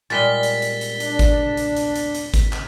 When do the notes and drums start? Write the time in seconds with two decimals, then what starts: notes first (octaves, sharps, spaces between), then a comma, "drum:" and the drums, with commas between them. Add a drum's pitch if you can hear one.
0.10 A#2 G3 G#3 A6 B6 G7
0.43 drum: hi-hat
0.62 drum: hi-hat
0.81 drum: hi-hat
1.00 D4, drum: hi-hat
1.19 drum: kick G#1, hi-hat
1.57 drum: hi-hat
1.76 drum: hi-hat
1.96 drum: hi-hat
2.15 drum: hi-hat
2.34 drum: kick G#1, hi-hat
2.53 drum: clap